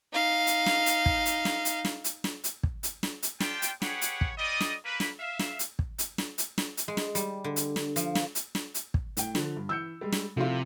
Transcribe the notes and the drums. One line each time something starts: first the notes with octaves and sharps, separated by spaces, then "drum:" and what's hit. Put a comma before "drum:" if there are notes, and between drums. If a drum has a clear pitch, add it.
D#4 F5
drum: hi-hat
drum: snare
drum: hi-hat
drum: kick
drum: hi-hat
drum: snare
drum: hi-hat
drum: snare
drum: hi-hat
drum: snare
drum: hi-hat
drum: kick
drum: hi-hat
drum: snare
drum: hi-hat
D4 F4 G4 G5, drum: snare
drum: hi-hat
G4 G#4 B4 C#5 F#5, drum: snare
drum: hi-hat
drum: kick
G3 D5 D#5
drum: snare
A#3 B4
drum: snare
E5 F5
drum: snare
drum: hi-hat
drum: kick
drum: hi-hat
drum: snare
drum: hi-hat
drum: snare
drum: hi-hat
G#3
drum: snare
G3, drum: hi-hat
D3
drum: hi-hat
drum: snare
F3, drum: hi-hat
drum: snare
drum: hi-hat
drum: snare
drum: hi-hat
drum: kick
A2 G5, drum: hi-hat
D3 F3, drum: snare
G2
E3 E6 G6 C#7
G3 G#3
drum: snare
C3 F3 A3 E4 F4